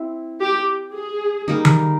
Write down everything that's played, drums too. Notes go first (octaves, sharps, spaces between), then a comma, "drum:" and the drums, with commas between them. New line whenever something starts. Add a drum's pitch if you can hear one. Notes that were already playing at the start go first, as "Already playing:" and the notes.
Already playing: C4 E4
G4
G#4
G3 A#3 D#4
drum: tom D#3